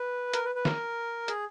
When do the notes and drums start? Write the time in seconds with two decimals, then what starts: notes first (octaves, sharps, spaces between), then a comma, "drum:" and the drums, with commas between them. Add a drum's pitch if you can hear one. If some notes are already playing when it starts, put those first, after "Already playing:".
Already playing: B4
0.33 A#4, drum: hi-hat
0.44 B4
0.55 B4
0.65 A#4, drum: snare
1.28 G#4, drum: hi-hat